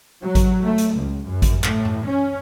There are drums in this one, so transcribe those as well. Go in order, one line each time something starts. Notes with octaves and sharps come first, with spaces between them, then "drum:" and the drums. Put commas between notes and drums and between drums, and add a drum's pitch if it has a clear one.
F#3
drum: kick G#1, hi-hat
A3
drum: hi-hat
C#2
F#2
drum: kick G#1, hi-hat
A2, drum: clap
drum: tom F#2
C#4